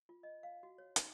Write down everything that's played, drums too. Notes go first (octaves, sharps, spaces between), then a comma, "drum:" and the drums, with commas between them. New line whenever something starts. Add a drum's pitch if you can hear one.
F4
D#5
F5
F#4
C#5
D#4, drum: hi-hat